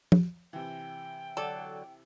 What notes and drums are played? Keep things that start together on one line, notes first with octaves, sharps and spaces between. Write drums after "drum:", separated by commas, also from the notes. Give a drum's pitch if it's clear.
drum: tom
C3 E3 G5
D3 F#3 A4 D5